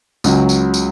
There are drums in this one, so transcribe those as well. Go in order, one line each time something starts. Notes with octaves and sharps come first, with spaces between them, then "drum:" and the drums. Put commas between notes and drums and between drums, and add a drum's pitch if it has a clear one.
C#2 C#3 F#3 C#4, drum: tambourine
drum: tambourine
drum: tambourine